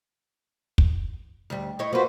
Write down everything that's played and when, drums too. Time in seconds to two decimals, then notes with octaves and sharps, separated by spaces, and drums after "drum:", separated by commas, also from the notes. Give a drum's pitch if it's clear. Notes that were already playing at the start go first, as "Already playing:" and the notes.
0.78 drum: kick
1.50 D2 G3
1.79 D#4 E4 C#5
1.93 A#3 F4 F#4 B4 C5